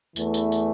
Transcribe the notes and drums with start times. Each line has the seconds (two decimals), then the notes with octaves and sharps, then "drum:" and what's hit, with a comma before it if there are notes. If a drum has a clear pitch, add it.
0.16 E2 E3 A3, drum: tambourine
0.34 drum: tambourine
0.52 drum: tambourine